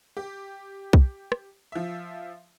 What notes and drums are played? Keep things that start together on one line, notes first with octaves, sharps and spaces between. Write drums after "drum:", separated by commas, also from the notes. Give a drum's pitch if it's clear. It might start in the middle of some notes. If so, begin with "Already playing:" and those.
G4
drum: kick
drum: rim click
F3 E5